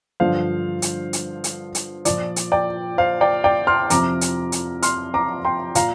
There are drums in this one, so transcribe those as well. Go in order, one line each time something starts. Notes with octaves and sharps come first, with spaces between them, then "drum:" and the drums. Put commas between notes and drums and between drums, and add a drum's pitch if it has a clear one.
G2 D3 F3 C5 F5
drum: hi-hat
drum: hi-hat
drum: hi-hat
drum: hi-hat
A#2 F3 D5, drum: hi-hat
drum: hi-hat
D5 G5
C5 F5
D5 G5
D5 G5
C6 F6
F2 C3 F3 A#5 D6, drum: hi-hat
drum: hi-hat
drum: hi-hat
C6 F6, drum: hi-hat
A#5 D6
G5 C6
A#2 F5 A#5, drum: hi-hat